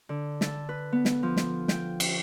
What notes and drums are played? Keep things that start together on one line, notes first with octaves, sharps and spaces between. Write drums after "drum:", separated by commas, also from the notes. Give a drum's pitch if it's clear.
D3
A4, drum: snare
B4
B3
drum: snare
F3
drum: snare
G5, drum: snare
drum: cymbal